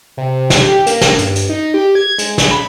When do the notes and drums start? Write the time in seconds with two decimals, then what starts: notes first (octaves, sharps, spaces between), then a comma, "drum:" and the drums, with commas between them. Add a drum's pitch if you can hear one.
0.17 C3
0.50 drum: snare
0.60 G4
0.86 A#3, drum: hi-hat
1.01 drum: snare
1.18 G2, drum: hi-hat
1.36 drum: hi-hat
1.49 D#4
1.74 G4
1.95 G#6
2.18 G#3, drum: hi-hat
2.38 drum: snare
2.51 B5